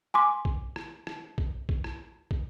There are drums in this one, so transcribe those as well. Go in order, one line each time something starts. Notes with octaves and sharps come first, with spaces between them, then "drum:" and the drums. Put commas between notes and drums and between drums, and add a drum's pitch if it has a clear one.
G#5 C6 D6
drum: kick
drum: rim click
drum: rim click
drum: kick
drum: kick
drum: rim click
drum: kick